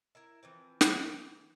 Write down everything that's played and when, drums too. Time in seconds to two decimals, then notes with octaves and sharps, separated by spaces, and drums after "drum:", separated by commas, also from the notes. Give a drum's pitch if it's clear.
0.15 E4 A#4 E5
0.43 E3 F3 C4
0.81 drum: snare